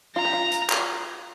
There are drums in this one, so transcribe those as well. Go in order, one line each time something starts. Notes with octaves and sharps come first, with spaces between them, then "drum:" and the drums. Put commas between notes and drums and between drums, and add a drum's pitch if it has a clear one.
F4 A#5
G4
F4
drum: hi-hat
drum: clap